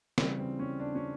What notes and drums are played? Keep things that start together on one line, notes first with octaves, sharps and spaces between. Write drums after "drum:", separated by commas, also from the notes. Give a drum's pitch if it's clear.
C#3 E3 G3 C4, drum: snare
C4
C#4
D4
C#4